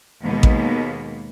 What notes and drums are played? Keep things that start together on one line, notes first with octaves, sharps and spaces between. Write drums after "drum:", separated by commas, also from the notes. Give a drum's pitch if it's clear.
D#2 B2 G#3 A#3 B3
drum: kick A1